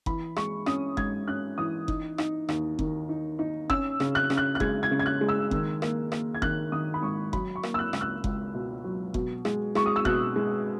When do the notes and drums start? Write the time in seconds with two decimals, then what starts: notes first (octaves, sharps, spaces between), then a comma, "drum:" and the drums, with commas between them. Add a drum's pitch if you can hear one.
0.06 E3 B5, drum: kick F#1
0.36 G#3 C#6, drum: rim click
0.66 C#4 D#6, drum: rim click
0.97 G#2 G#6, drum: kick F#1
1.28 C#4 F#6
1.58 E3 D#6
1.88 D#4, drum: kick F#1
2.18 D#4, drum: rim click
2.49 D#2, drum: rim click
2.79 D#3, drum: kick F#1
3.09 D#4
3.39 D#4
3.70 C#4 E6, drum: kick F#1
4.00 C#3, drum: rim click
4.15 F#6
4.30 C#3, drum: rim click
4.37 F#6
4.55 F#6
4.60 G#3 G#6, drum: kick F#1
4.83 G#6
4.91 C#3
4.99 G#6
5.06 F#6
5.21 G#3
5.29 E6
5.51 D#3, drum: kick F#1
5.82 A#3, drum: rim click
6.12 A#3, drum: rim click
6.35 G#6
6.42 D#3 F#6, drum: kick F#1
6.72 D#3 D#6
6.94 B5
7.03 G#2 C#6
7.33 F#3 B5, drum: kick F#1
7.56 C#6
7.63 A#3, drum: rim click
7.74 E6
7.79 F#6
7.93 C#2, drum: rim click
8.01 F#6
8.24 C#2, drum: kick F#1
8.54 B2
8.84 F#3
9.14 B2, drum: kick F#1
9.45 G#3, drum: rim click
9.75 G#3 C#6, drum: rim click
9.86 D#6
9.96 E6
10.05 B2 F#6, drum: kick F#1
10.36 G#3